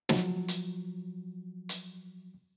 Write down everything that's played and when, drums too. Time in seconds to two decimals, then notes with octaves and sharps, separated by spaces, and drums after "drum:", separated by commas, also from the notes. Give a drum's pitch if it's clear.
0.09 F3 F#3, drum: snare
0.48 drum: hi-hat
1.69 drum: hi-hat